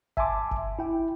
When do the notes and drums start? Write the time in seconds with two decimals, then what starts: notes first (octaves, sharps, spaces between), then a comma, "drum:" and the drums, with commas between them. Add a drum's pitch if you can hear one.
0.17 E5 G#5 A5 C6 D6, drum: kick F#1
0.51 drum: kick F#1
0.79 E4 G5